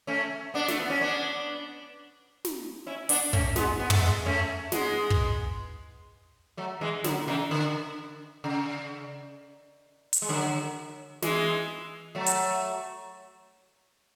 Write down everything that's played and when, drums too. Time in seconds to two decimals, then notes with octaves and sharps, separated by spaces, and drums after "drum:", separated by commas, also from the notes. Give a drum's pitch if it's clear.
0.07 A3 C#4
0.54 B3 D4
0.68 A3, drum: snare
0.79 B3
0.90 C#4
1.01 B3 D4
2.45 drum: snare
2.86 C#4 E4
3.09 B3 D4, drum: open hi-hat
3.33 A3 C#4, drum: kick
3.56 G#3 B3, drum: snare
3.79 B3
3.90 A3, drum: tom
4.01 G#3 B3
4.26 A3 C#4
4.72 G#3 B3, drum: snare
5.10 drum: kick
6.57 F#3 A3
6.81 E3 G#3
7.04 D3 F#3, drum: snare
7.27 C#3 E3
7.51 D3
8.44 C#3
10.13 drum: hi-hat
10.22 G#3
10.29 D3 F#3
11.22 E3 G#3, drum: snare
12.15 F#3 A3
12.26 drum: hi-hat